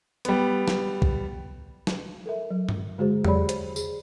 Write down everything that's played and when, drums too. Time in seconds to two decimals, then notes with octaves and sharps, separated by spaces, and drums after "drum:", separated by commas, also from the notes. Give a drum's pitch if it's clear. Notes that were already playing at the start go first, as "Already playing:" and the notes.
0.25 G3 B3, drum: hi-hat
0.68 drum: snare
1.02 drum: kick B1
1.87 drum: snare
2.26 A4 A#4 E5
2.51 F#3
2.69 drum: tom G2
2.98 D3 G#3 F#4 G#4 C5
3.25 F#3 G4 G#4 C#5 D5 B5, drum: tom E2
3.49 C5, drum: hi-hat
3.76 G#4, drum: tambourine